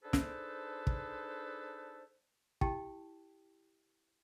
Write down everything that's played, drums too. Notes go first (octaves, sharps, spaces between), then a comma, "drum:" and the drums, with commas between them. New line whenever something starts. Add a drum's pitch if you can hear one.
D4 D#4 G#4 A4 B4 C5
drum: snare
drum: kick
E4 G4 G5 A5, drum: kick